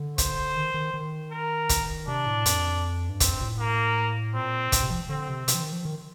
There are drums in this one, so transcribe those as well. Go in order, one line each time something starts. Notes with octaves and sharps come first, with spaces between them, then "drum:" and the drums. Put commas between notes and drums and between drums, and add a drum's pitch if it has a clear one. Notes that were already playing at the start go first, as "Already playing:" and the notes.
Already playing: D3
C5, drum: kick, hi-hat
D#3
D#3
D#3
A#4
drum: kick, hi-hat
C3 D4
A2
F2, drum: hi-hat
G2
F2 C4, drum: kick, hi-hat
G2
A#2
A2
A#3
A#2 C4
A#2, drum: kick, hi-hat
C3
F3
D3 C4
C3
C3, drum: hi-hat
F3
D#3
F3
D#3